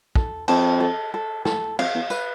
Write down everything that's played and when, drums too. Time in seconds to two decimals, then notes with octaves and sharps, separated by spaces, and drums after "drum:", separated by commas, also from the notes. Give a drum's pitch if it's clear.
0.15 A4, drum: kick
0.48 F2 A5, drum: cymbal
0.80 A4
1.14 A4
1.45 A4, drum: snare
1.79 F2 F5, drum: cymbal
1.94 E2
2.10 B4, drum: tambourine